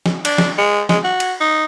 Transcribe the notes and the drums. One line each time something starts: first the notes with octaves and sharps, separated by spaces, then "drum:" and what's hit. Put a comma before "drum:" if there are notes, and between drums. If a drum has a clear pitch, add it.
drum: snare
D4, drum: cymbal
drum: snare
G#3
G#3, drum: snare
F#4
drum: cymbal
D#4